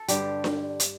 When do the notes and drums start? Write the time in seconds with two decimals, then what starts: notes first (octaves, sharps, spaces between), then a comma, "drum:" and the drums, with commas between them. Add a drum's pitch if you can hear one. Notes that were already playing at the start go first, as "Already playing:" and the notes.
Already playing: A4
0.08 G2 D3 G3 G4, drum: hi-hat
0.44 drum: snare D4
0.80 drum: hi-hat